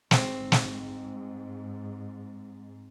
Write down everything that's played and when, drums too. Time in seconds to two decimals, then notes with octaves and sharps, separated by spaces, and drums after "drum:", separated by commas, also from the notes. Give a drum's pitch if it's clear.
0.11 G#2 C4, drum: snare
0.52 drum: snare